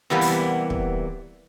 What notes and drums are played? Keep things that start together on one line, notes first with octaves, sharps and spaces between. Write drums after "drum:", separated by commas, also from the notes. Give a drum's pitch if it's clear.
E2 C3 E3 G3 A#3 B3
drum: open hi-hat
drum: kick